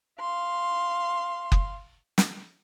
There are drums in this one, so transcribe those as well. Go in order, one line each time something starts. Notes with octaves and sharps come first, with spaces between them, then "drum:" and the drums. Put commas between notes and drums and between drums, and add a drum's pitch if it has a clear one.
F5 C6
drum: kick F#1
drum: snare